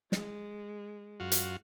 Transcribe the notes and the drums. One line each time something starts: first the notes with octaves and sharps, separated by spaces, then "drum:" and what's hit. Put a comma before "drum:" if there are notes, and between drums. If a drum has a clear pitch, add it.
G#3, drum: snare
F#2 F4 F#4
drum: hi-hat